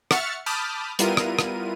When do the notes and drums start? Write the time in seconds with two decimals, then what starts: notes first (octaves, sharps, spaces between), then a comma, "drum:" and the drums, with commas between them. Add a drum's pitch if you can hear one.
0.11 E5 F#5 C#6 F6 A6 C#7, drum: rim click
0.46 A5 B5 D6 D#6 F6 G6
0.99 G3 B3 E4 F4 A#4 D#7, drum: hi-hat
1.17 drum: rim click
1.39 drum: rim click